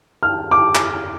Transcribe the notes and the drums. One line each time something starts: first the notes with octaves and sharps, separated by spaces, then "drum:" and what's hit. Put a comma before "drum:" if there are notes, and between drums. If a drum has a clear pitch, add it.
F6
D6
drum: clap